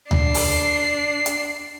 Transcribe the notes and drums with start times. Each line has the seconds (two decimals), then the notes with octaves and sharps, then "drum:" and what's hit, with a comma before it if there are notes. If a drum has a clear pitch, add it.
0.11 D4 C7, drum: tom D2
0.34 drum: open hi-hat
1.26 drum: hi-hat